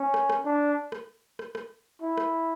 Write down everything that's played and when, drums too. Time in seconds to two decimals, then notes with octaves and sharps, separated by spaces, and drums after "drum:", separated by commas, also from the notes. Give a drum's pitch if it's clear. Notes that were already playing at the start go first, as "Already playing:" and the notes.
Already playing: C#4
0.14 drum: rim click
0.30 drum: rim click
0.45 D4
0.92 drum: rim click
1.39 drum: rim click
1.55 drum: rim click
2.02 E4
2.17 drum: rim click